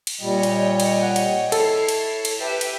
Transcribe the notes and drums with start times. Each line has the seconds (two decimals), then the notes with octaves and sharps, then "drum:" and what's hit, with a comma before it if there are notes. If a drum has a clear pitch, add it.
0.07 drum: cymbal
0.21 A#2 G3 C#5 D#5 G5
0.43 drum: cymbal
0.80 drum: cymbal
1.03 F#5
1.16 drum: cymbal
1.52 E4 A4 C#5 A5 C7, drum: cymbal
1.89 drum: cymbal
2.25 drum: cymbal
2.38 G4 B4 E5
2.61 drum: cymbal